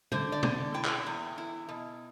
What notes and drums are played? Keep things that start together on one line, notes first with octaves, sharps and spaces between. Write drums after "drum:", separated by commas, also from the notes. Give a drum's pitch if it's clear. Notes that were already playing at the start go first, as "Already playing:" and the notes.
D3 C5, drum: tom
D5
D3, drum: tom
E4 G5
drum: clap
E2
E4
B2